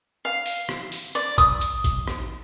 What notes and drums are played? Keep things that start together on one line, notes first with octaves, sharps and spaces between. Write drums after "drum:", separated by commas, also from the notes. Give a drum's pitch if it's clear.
F5
drum: open hi-hat
drum: rim click
drum: open hi-hat
D5, drum: hi-hat
D#6, drum: kick A1, hi-hat
drum: hi-hat
drum: kick A1, hi-hat
drum: rim click